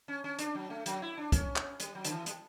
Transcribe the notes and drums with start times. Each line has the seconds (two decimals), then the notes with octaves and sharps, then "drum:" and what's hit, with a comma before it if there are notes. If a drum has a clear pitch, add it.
0.08 C#4
0.24 C#4
0.39 D4, drum: hi-hat
0.55 F#3
0.70 A3
0.86 F#3, drum: hi-hat
1.02 E4
1.18 D4
1.32 C#4, drum: kick, hi-hat
1.56 drum: clap
1.80 G3, drum: hi-hat
1.95 F#3
2.05 D3, drum: hi-hat
2.11 E3
2.26 G3, drum: hi-hat